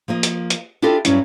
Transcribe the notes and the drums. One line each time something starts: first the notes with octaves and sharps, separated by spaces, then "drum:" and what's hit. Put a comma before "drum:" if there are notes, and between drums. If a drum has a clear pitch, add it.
F3 A#3 D#5
drum: hi-hat
drum: hi-hat
D4 E4 F4 G4 A4 D#5
G2 F#3 C#4 E4, drum: hi-hat